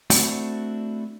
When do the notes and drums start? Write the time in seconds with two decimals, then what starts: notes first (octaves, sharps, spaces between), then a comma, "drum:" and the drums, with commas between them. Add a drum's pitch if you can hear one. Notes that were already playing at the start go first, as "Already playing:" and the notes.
0.10 A3 C4 D4 E4 F#4, drum: open hi-hat